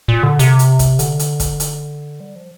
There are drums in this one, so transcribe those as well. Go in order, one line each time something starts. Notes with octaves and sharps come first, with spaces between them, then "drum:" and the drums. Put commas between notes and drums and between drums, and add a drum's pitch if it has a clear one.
A#2
D3
C3, drum: hi-hat
drum: hi-hat
drum: kick, hi-hat
D3, drum: hi-hat
drum: hi-hat
drum: kick, hi-hat
drum: hi-hat
G3
F3